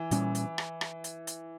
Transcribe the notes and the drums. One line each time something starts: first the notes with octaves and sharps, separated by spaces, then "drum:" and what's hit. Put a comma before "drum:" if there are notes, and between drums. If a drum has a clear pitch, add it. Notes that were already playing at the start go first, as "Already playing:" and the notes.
Already playing: E3
A#2 G3 C#4, drum: hi-hat
drum: hi-hat
drum: rim click
drum: rim click
drum: hi-hat
drum: hi-hat